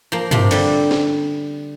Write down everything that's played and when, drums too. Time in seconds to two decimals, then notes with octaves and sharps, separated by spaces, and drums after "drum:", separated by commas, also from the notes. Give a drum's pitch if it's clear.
0.12 F3 A#3
0.31 C3 F3, drum: tom
0.51 D3 G3, drum: cymbal
0.91 drum: snare